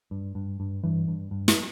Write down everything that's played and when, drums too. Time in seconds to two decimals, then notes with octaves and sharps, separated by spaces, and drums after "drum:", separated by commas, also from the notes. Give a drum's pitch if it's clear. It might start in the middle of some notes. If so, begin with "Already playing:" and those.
0.11 G2
0.35 G2
0.60 G2
0.83 G2 E3
1.08 G2
1.31 G2
1.48 drum: snare